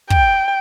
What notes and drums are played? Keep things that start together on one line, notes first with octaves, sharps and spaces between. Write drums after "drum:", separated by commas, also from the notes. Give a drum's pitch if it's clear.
G5, drum: kick